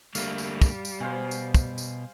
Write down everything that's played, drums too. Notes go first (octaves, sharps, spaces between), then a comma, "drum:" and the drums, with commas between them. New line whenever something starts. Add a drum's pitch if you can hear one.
D3 G3 A3 A#3 F5, drum: tambourine
drum: tambourine
drum: kick, tambourine
drum: tambourine
B2 C5 F5 G#5
drum: tambourine
drum: kick, tambourine
drum: tambourine